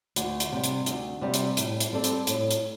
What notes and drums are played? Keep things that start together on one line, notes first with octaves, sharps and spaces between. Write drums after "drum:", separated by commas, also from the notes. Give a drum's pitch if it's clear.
D2, drum: hi-hat
drum: hi-hat
C3 G3
drum: hi-hat
D2, drum: hi-hat
C3 G3
drum: hi-hat
A2, drum: hi-hat
drum: hi-hat
G3 C4 A4 D5
drum: hi-hat
A2, drum: hi-hat
drum: hi-hat